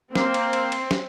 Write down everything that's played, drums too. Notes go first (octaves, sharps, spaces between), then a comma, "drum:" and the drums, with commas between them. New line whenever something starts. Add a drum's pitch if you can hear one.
A#3 C4 C6, drum: snare
drum: cymbal
drum: cymbal
drum: cymbal
drum: snare